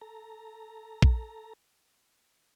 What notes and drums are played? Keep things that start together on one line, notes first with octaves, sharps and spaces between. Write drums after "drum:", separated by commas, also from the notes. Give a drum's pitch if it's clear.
A4 A#5
drum: kick